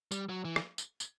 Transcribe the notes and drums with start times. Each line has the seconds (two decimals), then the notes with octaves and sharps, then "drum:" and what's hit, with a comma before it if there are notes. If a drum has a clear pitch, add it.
0.12 G3, drum: tambourine
0.29 F#3
0.45 E3
0.56 drum: rim click
0.78 drum: tambourine
1.00 drum: tambourine